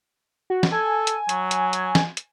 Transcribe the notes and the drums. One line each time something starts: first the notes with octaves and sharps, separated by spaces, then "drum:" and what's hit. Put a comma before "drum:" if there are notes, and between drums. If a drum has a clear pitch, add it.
F#4
drum: snare
A4 G#5
drum: hi-hat
F#3, drum: hi-hat
drum: hi-hat
drum: hi-hat
drum: snare
drum: hi-hat